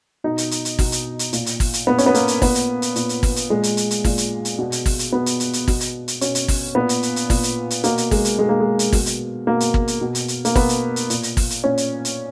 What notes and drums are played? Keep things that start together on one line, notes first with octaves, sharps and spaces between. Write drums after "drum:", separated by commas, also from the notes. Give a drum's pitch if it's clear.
B2 D#4
drum: hi-hat
drum: hi-hat
drum: hi-hat
B2, drum: kick, open hi-hat
drum: hi-hat
drum: hi-hat
A#2, drum: hi-hat
drum: hi-hat
drum: kick, open hi-hat
drum: hi-hat
A#2 B3
C#4, drum: hi-hat
B3
A#3, drum: hi-hat
drum: hi-hat
A#2 B3, drum: kick, open hi-hat
drum: hi-hat
drum: hi-hat
A#2, drum: hi-hat
drum: hi-hat
drum: kick, open hi-hat
drum: hi-hat
A#2 G#3
drum: hi-hat
drum: hi-hat
drum: hi-hat
A#2, drum: kick, open hi-hat
drum: hi-hat
drum: hi-hat
B2
drum: hi-hat
drum: kick, open hi-hat
drum: hi-hat
B2 B3
drum: hi-hat
drum: hi-hat
drum: hi-hat
B2, drum: kick, open hi-hat
drum: hi-hat
drum: hi-hat
B2 C#4, drum: hi-hat
drum: hi-hat
drum: kick, open hi-hat
A#2 B3
drum: hi-hat
drum: hi-hat
drum: hi-hat
A#2, drum: kick, open hi-hat
drum: hi-hat
drum: hi-hat
B2 A#3, drum: hi-hat
drum: hi-hat
G#3, drum: kick, open hi-hat
drum: hi-hat
B2 G#3
A#3
G#3
drum: hi-hat
B2, drum: kick, open hi-hat
drum: hi-hat
B2 A#3
drum: hi-hat
drum: kick
drum: hi-hat
B2
drum: hi-hat
drum: hi-hat
A#3, drum: hi-hat
B2 B3, drum: kick, open hi-hat
drum: hi-hat
drum: hi-hat
A#2, drum: hi-hat
drum: hi-hat
drum: kick, open hi-hat
drum: hi-hat
A#2 C#4
drum: hi-hat
drum: hi-hat